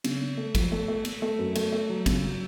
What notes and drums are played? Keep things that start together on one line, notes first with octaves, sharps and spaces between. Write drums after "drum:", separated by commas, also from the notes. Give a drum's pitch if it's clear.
C#3, drum: cymbal
C#3
A3
F3, drum: kick, cymbal
A3
A3
A3, drum: cymbal
A3
F#2
A3, drum: cymbal
A3
F#3
C#3, drum: kick, cymbal
F#3